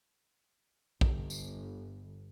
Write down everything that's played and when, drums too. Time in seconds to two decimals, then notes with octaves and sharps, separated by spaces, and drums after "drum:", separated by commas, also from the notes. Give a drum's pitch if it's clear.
1.01 G1, drum: kick A#1
1.30 drum: tambourine